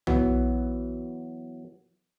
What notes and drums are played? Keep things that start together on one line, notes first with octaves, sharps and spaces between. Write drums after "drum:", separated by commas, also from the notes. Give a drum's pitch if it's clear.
E3 F#3 B3, drum: tom